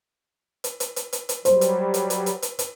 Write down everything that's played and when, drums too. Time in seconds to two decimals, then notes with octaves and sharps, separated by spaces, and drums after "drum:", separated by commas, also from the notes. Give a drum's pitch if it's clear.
0.64 drum: hi-hat
0.80 drum: hi-hat
0.96 drum: hi-hat
1.13 drum: hi-hat
1.29 drum: hi-hat
1.45 F#3 G3 C5, drum: hi-hat
1.61 drum: hi-hat
1.94 drum: hi-hat
2.10 drum: hi-hat
2.26 drum: hi-hat
2.42 drum: hi-hat
2.59 drum: hi-hat